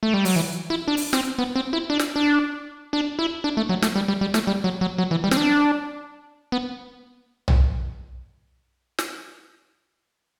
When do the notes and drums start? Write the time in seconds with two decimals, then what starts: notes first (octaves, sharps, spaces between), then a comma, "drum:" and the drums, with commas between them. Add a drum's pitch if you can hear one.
0.03 A3
0.14 G3
0.25 F#3, drum: open hi-hat
0.36 E3
0.70 E4
0.88 D4
0.97 drum: open hi-hat
1.13 C4, drum: snare
1.39 B3
1.56 C4
1.73 E4
1.90 D4
1.99 drum: snare
2.16 D4
2.93 D4
3.19 E4
3.44 D4
3.57 A3
3.69 F#3
3.82 A3, drum: snare
3.96 G3
4.08 G3
4.21 G3
4.34 A3, drum: snare
4.47 G3
4.64 F#3
4.81 F#3
4.98 F#3
5.11 E3
5.24 G3
5.31 C4, drum: snare
5.37 D4
6.52 B3
7.48 drum: tom B1
8.99 drum: snare